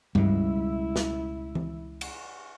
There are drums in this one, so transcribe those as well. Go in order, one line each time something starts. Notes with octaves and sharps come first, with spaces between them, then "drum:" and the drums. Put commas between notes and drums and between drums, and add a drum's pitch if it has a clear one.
C#2 B2 G3 E4, drum: tom G2
drum: snare
drum: tom E3
drum: cymbal